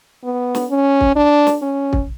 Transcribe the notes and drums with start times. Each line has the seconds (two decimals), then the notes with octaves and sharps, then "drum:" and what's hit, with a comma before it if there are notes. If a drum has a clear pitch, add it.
0.24 B3
0.55 drum: snare
0.70 C#4
1.01 drum: kick
1.16 D4
1.47 drum: snare
1.62 C#4
1.93 drum: kick